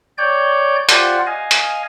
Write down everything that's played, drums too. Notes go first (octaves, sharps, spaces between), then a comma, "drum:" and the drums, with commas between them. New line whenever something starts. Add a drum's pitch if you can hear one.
C#5 D5 G5 G6
F4 G4 C5 D5 F#5, drum: hi-hat
D#5 F5 G#5
drum: hi-hat